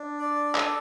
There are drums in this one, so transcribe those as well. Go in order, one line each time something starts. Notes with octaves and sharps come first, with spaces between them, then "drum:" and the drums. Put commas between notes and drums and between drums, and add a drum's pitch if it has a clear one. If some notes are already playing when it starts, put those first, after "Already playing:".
Already playing: D4
D5
A4, drum: clap